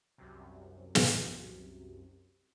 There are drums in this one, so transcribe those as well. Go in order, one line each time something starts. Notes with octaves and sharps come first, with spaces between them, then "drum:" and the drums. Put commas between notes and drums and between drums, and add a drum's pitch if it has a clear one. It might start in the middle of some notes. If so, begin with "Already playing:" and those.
C2 F#2 C3
drum: snare